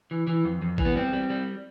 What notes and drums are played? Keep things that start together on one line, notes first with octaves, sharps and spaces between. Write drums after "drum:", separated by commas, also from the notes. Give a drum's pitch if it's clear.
E3
E3
F2
F2
E3, drum: kick A1
B3
G3 C4
G3
G3